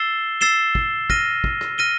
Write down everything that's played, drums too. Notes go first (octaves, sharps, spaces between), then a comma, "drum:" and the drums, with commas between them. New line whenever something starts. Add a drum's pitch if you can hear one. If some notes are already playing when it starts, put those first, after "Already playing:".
Already playing: E6 A6 C7 E7 G7
E6 A6 C7 E7 G7
drum: kick
F6 A#6 D#7 G7, drum: kick
drum: kick
drum: rim click
F6 A#6 D#7 G7